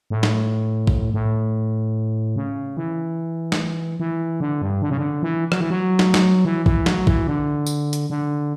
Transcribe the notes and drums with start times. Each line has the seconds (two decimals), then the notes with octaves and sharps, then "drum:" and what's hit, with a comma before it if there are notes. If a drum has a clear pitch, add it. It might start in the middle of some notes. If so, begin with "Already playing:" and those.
0.10 A2
0.23 drum: snare
0.87 drum: kick
1.14 A2
2.36 C#3
2.77 E3
3.52 drum: snare
4.00 E3
4.41 D3
4.62 G2
4.82 D3
4.90 C#3
4.98 D3
5.23 E3
5.52 F#3, drum: rim click
5.60 E3
5.70 F#3
5.99 drum: snare
6.14 drum: snare
6.45 E3
6.66 E3, drum: kick
6.86 F#3, drum: snare
7.07 E3, drum: kick
7.27 D3
7.66 drum: tambourine
7.93 drum: hi-hat
8.10 D3